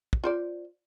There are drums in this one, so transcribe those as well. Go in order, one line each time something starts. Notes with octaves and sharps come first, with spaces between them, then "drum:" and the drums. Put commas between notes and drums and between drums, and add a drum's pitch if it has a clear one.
drum: kick
F4 C5 D5